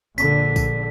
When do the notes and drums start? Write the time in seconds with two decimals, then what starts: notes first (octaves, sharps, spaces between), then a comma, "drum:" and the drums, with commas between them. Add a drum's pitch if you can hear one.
0.18 A#1 D3 B6, drum: tambourine
0.56 drum: kick, tambourine